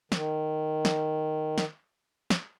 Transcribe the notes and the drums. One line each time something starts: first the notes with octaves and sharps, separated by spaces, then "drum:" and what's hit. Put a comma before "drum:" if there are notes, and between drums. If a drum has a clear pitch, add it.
D#3, drum: snare
drum: snare
drum: snare
drum: snare